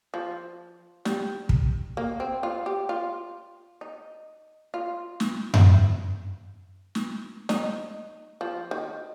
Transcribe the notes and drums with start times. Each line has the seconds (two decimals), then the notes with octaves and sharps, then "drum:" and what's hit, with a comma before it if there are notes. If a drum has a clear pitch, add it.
0.14 F3
1.05 G3, drum: snare
1.49 drum: kick
1.97 A#3
2.20 C4
2.43 F4
2.66 G4
2.89 F4
3.81 D#4
4.74 F4
5.20 drum: snare
5.54 drum: tom F#2
6.95 drum: snare
7.49 D#4, drum: snare
8.41 F3
8.71 D#3